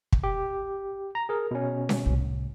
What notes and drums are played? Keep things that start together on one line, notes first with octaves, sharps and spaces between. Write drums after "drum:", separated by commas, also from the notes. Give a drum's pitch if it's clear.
drum: kick
G4
A#5
G#4 A#4
B2 C#4
drum: snare C#4
C2 A2